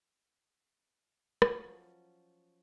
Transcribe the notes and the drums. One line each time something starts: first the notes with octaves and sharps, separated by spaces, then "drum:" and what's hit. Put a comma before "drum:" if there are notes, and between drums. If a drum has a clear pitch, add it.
F3 F#3 C#4, drum: rim click